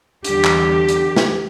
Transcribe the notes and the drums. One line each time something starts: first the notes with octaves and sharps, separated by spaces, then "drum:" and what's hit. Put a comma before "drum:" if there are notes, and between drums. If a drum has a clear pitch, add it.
E2 D3 G3 G4, drum: hi-hat
drum: clap
drum: hi-hat
drum: snare